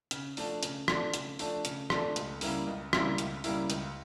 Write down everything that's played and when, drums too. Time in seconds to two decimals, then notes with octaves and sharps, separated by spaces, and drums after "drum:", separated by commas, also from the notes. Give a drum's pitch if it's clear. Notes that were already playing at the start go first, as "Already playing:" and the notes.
0.11 C#3, drum: hi-hat
0.37 F3 A3 D4, drum: open hi-hat
0.63 C#3, drum: hi-hat
0.88 F3 A3 D4, drum: rim click
1.14 C#3, drum: hi-hat
1.39 F3 A3 D4, drum: open hi-hat
1.65 C#3, drum: hi-hat
1.90 F3 A3 D4, drum: rim click
2.16 C#2, drum: hi-hat
2.41 C#3 G3 A#3 E4, drum: open hi-hat
2.67 C#2
2.93 C#3 G3 A#3 E4, drum: rim click
3.18 C#2, drum: hi-hat
3.44 C#3 G3 A#3 E4, drum: open hi-hat
3.70 C#2, drum: hi-hat